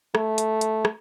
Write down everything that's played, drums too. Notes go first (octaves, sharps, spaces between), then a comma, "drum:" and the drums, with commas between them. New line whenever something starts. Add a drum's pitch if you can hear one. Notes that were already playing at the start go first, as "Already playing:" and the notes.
A3, drum: rim click
drum: hi-hat
drum: hi-hat
drum: rim click